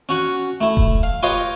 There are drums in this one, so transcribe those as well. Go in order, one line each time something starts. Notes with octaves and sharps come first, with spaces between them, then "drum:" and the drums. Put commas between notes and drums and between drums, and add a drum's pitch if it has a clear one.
C#4 F#4 F#5
A3 E4
drum: kick E1
F5
F4 G4 B4 C#5 D#5 F5